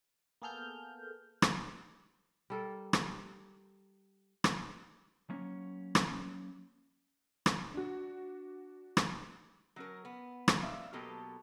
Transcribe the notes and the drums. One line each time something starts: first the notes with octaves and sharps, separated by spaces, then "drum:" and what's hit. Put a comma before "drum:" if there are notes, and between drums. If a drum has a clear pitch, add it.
A#3 B3 G#4 A4 F6 G6
drum: rim click
G3 A4 A#4
drum: rim click
drum: rim click
F#3 A#3 C#4 C#5
drum: rim click
drum: rim click
D4 F#4
drum: rim click
F#3 C#4 A#4
B3
drum: rim click
D5 E5 F5
B2 F#3 A#3 B3 G4 A4